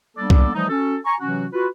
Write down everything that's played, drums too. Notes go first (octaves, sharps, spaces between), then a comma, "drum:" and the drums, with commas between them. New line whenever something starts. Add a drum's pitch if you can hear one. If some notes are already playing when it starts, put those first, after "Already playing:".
G3 A#3 B3 D4 A4 D5
drum: kick C2
E3 F3 G3 A3 D#4
C#4 F#4 A4
G#5 A#5 C#6
C3 E3 F#3 C#4 F#4
F4 F#4 B4